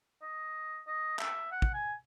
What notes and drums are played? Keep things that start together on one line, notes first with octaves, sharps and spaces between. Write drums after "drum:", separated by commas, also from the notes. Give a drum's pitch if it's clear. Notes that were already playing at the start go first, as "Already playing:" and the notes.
D#5
D#5
E5, drum: clap
F#5
drum: kick
G#5